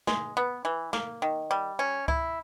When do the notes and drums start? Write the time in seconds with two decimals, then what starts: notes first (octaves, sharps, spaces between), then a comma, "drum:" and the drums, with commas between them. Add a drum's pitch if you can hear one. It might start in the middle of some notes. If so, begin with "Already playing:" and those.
0.07 G#3, drum: snare
0.37 B3
0.65 E3
0.93 A#3, drum: snare
1.22 D#3
1.51 G3
1.79 C#4
2.08 E4, drum: kick C#2